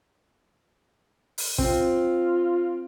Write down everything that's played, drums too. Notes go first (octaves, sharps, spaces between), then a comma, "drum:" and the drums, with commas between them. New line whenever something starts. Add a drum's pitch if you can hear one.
drum: open hi-hat
C4 F4, drum: kick